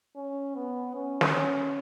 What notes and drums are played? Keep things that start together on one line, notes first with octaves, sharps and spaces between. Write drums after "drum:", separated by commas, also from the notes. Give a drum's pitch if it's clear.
C#4
B3
C#4
drum: snare
C#4